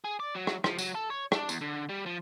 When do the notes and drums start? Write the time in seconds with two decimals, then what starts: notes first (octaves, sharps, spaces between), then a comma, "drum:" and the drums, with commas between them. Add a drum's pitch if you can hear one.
0.04 G#4
0.20 D5
0.35 F#3
0.47 drum: rim click
0.64 F3, drum: rim click
0.78 F#3, drum: tambourine
0.95 A4
1.10 C#5
1.32 D4, drum: rim click
1.49 E2, drum: tambourine
1.61 D3
1.89 G3
2.06 F3